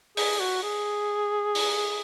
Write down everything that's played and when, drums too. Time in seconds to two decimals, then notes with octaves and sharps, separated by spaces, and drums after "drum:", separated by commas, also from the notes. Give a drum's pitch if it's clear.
0.17 G#4, drum: open hi-hat
0.40 F#4
0.63 G#4
1.55 drum: open hi-hat